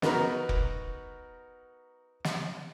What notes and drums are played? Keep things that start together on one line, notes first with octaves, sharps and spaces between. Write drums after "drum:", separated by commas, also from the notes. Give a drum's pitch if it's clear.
B3 D#4 F#4 A#4 B4, drum: snare
drum: kick F1
drum: snare